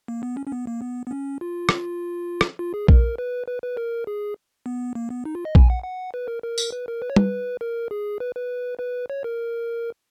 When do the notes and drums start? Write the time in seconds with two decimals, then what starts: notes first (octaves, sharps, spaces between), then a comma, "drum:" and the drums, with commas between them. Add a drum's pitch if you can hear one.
0.08 A#3
0.23 B3
0.37 C#4
0.47 C#4
0.52 B3
0.67 A#3
0.82 B3
1.07 B3
1.11 C#4
1.41 F4
1.69 drum: rim click
2.41 drum: rim click
2.59 F4
2.74 G#4
2.88 A#4, drum: kick A#1
3.18 B4
3.48 B4
3.62 B4
3.77 A#4
4.07 G#4
4.66 B3
4.95 A#3
5.10 B3
5.25 D#4
5.35 F4
5.45 D#5
5.55 G#5, drum: kick A#1
5.70 F#5
5.84 F#5
6.14 B4
6.28 A#4
6.43 A#4
6.58 drum: tambourine
6.72 B4
6.88 A#4
7.02 B4
7.10 C#5
7.16 B4, drum: tom
7.61 A#4
7.91 G#4
8.20 B4
8.35 B4
8.79 B4
9.10 C#5
9.24 A#4